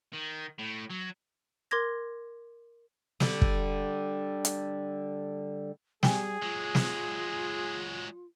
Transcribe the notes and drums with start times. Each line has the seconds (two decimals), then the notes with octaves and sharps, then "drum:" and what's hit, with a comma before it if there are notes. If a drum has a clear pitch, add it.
0.13 D#3
0.58 A2
0.90 F#3
1.71 A#4 C6 D6 G#6 A#6
3.20 D3 G3, drum: snare
3.42 drum: kick
4.45 drum: hi-hat
6.03 G3 G#4 G5 G#5, drum: snare
6.43 F#3 G#3 F4
6.75 drum: snare